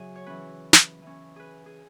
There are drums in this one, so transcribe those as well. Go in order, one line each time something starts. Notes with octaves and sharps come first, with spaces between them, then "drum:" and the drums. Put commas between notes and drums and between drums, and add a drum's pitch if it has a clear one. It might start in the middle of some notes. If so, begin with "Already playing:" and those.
Already playing: C#3 F#3 C#4 F#4 G#4 E5 F#5
C#5
E3 C#4 B4
drum: snare
E3 C#4
G#4 B4
G#4